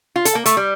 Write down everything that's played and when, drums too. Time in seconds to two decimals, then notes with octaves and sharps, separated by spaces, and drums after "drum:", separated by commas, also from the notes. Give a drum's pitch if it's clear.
0.16 F4
0.25 A4, drum: hi-hat
0.35 A#3
0.46 A3, drum: hi-hat
0.57 G3